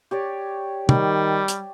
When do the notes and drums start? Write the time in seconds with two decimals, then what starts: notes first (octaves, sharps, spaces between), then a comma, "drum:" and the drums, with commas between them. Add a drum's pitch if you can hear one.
0.11 G4 C#5 D5
0.89 D#3 G3, drum: tom
1.48 drum: hi-hat